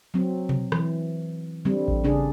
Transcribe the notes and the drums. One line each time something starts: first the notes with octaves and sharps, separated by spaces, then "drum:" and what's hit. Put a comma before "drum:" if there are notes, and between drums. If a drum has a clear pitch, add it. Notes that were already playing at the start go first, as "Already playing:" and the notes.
F#3 C4
drum: tom B2
E3, drum: rim click
D3 G3 C4
drum: kick A1
C#3 D4 G#4